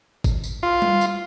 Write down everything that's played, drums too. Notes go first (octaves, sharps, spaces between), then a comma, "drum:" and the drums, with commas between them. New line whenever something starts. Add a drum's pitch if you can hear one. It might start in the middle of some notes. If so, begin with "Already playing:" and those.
drum: kick G#1, tambourine
drum: tambourine
F4
drum: tom G3
drum: tambourine